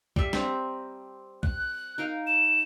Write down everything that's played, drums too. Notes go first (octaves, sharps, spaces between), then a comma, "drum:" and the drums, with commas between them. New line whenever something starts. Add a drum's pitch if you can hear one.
G3 E5, drum: kick B1
C4 A#5, drum: snare
F#6, drum: kick B1
D#4 A#4 F5
E7